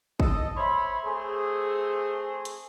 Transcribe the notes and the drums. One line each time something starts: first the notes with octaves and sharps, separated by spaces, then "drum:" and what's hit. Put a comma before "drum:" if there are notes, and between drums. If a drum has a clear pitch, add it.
A4 D#5, drum: kick
C5 C#5 E5 B5
A3 C4 G#4
drum: hi-hat